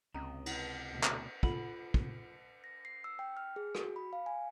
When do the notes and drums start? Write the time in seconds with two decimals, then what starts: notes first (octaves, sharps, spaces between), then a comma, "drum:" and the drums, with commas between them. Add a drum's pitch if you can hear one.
0.14 C#2 C3 C#4 D#5 A#5
0.46 E4, drum: cymbal
0.91 D2 B2 D3
1.03 drum: clap
1.43 F4 A4 F#5 B5 F#7, drum: kick
1.94 drum: kick
2.64 A#6
2.85 C7
3.04 E6
3.19 G5
3.37 F6
3.56 G#4
3.75 F#4, drum: rim click
3.96 B5
4.13 F5
4.26 G#5